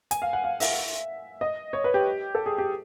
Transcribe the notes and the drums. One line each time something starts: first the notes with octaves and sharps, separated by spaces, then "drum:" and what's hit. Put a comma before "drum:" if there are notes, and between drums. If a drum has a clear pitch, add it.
G#5, drum: hi-hat
F5
F#5
F5
E5, drum: open hi-hat
D#5
C#5
B4
G4
A4
G#4
G4